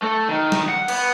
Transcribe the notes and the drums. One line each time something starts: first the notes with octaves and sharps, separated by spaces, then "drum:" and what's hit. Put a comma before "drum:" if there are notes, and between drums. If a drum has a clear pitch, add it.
A3
D#3
drum: snare
F#5
B3, drum: cymbal